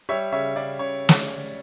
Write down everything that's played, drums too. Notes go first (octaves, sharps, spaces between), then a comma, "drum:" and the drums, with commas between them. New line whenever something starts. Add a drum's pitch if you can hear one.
G3 C#5 E5
C#3 C#5 E5
C#3 D5
C#3 C#5
drum: snare